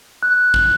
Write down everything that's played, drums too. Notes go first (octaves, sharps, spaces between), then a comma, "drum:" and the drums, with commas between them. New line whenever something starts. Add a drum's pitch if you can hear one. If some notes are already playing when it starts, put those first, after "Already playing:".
F#6
drum: kick